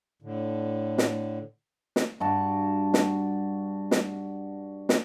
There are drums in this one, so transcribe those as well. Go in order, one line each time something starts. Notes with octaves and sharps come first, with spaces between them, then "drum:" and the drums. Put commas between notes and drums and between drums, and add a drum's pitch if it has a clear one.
A2 D3
drum: snare
drum: snare
G2 F#4 A5
drum: snare
drum: snare
drum: snare